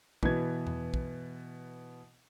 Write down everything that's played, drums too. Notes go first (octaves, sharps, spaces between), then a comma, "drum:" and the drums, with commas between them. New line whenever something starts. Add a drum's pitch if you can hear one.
B2 E3 B3 G#6, drum: kick
drum: tom E2
drum: kick